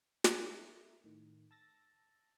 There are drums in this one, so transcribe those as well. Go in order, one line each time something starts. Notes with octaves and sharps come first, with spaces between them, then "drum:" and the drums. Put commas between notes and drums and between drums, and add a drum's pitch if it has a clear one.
A4 A#4 E5 A#5 D6 E6, drum: snare
A2 D#3
A5 E6 A6 A#6